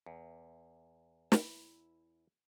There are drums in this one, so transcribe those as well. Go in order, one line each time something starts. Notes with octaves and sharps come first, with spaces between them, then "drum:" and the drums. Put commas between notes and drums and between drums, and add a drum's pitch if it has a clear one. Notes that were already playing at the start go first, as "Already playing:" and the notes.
E2
E4 B4, drum: snare